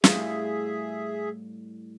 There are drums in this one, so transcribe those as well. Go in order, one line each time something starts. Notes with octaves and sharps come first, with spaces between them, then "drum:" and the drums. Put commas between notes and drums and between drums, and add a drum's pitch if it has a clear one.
A2 G3 G#4 E5 F5, drum: snare